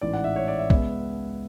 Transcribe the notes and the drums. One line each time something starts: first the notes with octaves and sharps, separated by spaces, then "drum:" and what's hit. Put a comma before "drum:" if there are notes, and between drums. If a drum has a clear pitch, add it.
A1 G#2 E3 D5
F#5
E5
C#5
D5
E5
C#2 C#3 G#3 B3, drum: kick